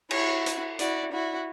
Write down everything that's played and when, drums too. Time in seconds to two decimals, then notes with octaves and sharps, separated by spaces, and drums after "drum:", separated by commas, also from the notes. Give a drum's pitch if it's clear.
0.11 E4 F#4 C#5, drum: cymbal
0.46 drum: hi-hat
0.79 E4 F#4 D5, drum: hi-hat
1.12 E4 F#4